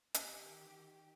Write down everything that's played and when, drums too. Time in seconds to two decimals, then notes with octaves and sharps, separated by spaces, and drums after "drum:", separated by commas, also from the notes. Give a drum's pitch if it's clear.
0.14 D#3 G4, drum: hi-hat